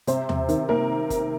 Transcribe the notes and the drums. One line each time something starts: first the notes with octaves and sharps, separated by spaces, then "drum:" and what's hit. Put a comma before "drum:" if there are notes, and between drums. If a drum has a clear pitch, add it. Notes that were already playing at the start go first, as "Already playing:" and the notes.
C3 C5, drum: hi-hat
C3, drum: tom D#2
D#3, drum: hi-hat
A#3 A#4
drum: kick, hi-hat